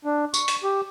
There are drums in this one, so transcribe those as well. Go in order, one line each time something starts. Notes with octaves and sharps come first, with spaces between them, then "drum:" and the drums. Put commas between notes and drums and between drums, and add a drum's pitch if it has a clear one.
D4
C#6, drum: tambourine
drum: open hi-hat
G4